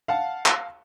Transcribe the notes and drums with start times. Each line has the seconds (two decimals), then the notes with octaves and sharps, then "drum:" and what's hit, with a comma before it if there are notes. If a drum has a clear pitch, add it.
0.08 F5 F#5 A5
0.46 drum: clap